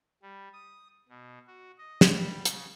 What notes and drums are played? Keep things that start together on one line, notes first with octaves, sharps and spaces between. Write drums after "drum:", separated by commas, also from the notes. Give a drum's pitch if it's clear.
G3
D#6
B2
F#4
D#5
drum: snare
G3
C#3, drum: hi-hat